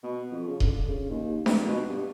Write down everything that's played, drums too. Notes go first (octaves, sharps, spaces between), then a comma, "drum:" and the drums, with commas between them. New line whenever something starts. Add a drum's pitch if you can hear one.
B2
F2
C#3
D3, drum: kick D#1
C#3
D#2
F1, drum: snare D4
B2
G2